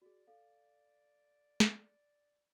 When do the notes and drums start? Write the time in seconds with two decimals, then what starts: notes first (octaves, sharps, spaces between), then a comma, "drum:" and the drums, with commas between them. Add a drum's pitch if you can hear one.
0.02 F#4 G#4 D5
0.27 A4 F5
1.60 drum: snare